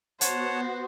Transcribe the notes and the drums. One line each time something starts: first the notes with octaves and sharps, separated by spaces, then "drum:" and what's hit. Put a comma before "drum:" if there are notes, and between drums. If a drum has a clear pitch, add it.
B3 F#4 C5 C#5 F#5 A5, drum: hi-hat